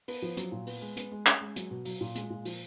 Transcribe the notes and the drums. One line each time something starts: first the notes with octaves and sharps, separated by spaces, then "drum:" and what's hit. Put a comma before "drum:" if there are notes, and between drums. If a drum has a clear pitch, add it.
B3, drum: open hi-hat
F3
F#3, drum: hi-hat
A#2
B3, drum: open hi-hat
G#3
B3, drum: hi-hat
G#3
C#4, drum: clap
G#3
F#3, drum: hi-hat
B2
F#3, drum: open hi-hat
A#2
G#3, drum: hi-hat
A#2
F3, drum: open hi-hat